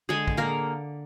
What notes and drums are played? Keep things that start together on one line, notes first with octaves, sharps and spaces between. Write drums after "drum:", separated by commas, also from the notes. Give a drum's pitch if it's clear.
D3 G#3 G#4
drum: kick
D3 A#3 A#4